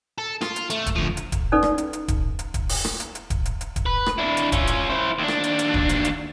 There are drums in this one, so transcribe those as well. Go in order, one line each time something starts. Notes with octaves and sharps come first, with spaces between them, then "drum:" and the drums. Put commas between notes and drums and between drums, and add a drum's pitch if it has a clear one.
A4
F4, drum: rim click
drum: hi-hat
A3, drum: hi-hat
drum: kick D#1, hi-hat
D2 F3
drum: hi-hat
drum: kick D#1, hi-hat
C#4 D#4 A4 B4 D5
drum: rim click
drum: hi-hat
drum: hi-hat
drum: kick D#1, hi-hat
drum: hi-hat
drum: kick D#1, hi-hat
drum: open hi-hat
drum: rim click
drum: hi-hat
drum: hi-hat
drum: kick D#1, hi-hat
drum: hi-hat
drum: hi-hat
drum: kick D#1, hi-hat
B4
drum: rim click
D4 E4
drum: hi-hat
C#4 F4, drum: kick D#1, hi-hat
drum: hi-hat
E4 C5
D#2 D4
drum: rim click
drum: hi-hat
drum: hi-hat
drum: kick D#1
drum: hi-hat
drum: hi-hat